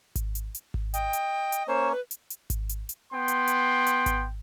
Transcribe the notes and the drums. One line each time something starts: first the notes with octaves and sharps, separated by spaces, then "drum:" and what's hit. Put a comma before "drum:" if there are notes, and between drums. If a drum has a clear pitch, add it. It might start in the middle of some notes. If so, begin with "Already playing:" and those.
drum: kick G#1, hi-hat
drum: hi-hat
drum: hi-hat
drum: kick G#1
D#5 G5, drum: hi-hat
drum: hi-hat
drum: hi-hat
A#3 C#4 C5 C#5
B4
drum: hi-hat
drum: hi-hat
drum: kick G#1, hi-hat
drum: hi-hat
drum: hi-hat
B3 G5 C6
drum: hi-hat
drum: hi-hat
drum: hi-hat
drum: kick G#1, hi-hat